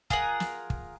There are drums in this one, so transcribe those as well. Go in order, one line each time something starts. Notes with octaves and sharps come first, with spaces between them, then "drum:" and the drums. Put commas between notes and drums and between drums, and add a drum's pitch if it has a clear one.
F4 G#4 A#4 F#5, drum: kick
drum: snare
drum: kick